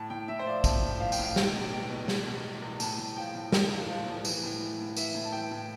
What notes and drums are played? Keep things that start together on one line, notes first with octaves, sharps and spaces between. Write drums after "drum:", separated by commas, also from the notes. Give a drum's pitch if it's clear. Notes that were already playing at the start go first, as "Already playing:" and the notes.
Already playing: A2 A5
A2 G5
A2 E5
C5
F3 D5
F3 A5, drum: kick, tambourine
A2
F3 F5
G5, drum: tambourine
A2
F5
B2 G5, drum: snare
E2
B2 G5
B2
B2, drum: snare
B2
E2
E2
A2 A5, drum: tambourine
A2
F3 G5
A2
F3 G5, drum: snare
F3
F3
A2
E3, drum: tambourine
A2
E3
A2
E3 E5, drum: tambourine
A2
A5
E3 G5
A2